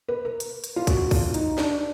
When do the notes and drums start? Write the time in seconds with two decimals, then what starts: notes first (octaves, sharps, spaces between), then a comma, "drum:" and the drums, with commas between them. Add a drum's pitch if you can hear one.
0.08 B4
0.25 A#4
0.40 drum: hi-hat
0.64 drum: hi-hat
0.76 F4
0.87 F#4, drum: kick, hi-hat
1.11 F4, drum: kick, open hi-hat
1.34 D#4, drum: hi-hat
1.58 D4, drum: snare